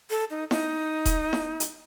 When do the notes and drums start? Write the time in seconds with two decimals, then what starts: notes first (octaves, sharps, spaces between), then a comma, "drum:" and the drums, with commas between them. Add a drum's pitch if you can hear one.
0.10 A4
0.30 D#4
0.51 D#4, drum: snare E4
1.05 drum: kick D#1, hi-hat
1.33 drum: snare E4
1.60 drum: hi-hat